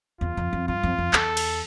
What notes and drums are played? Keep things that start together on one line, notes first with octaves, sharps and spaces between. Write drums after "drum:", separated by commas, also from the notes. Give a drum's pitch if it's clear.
E2 F4
F2
F2
G2 F4
F2
F2
E2 A4, drum: clap
drum: cymbal